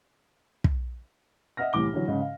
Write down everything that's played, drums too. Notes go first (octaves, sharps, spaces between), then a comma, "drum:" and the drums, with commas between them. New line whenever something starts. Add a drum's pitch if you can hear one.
drum: kick
D#5 E5 F#5 F6 A#6
C2 A2 E3 D6 G7
D3 E3 F#3
G#2 C#3
F5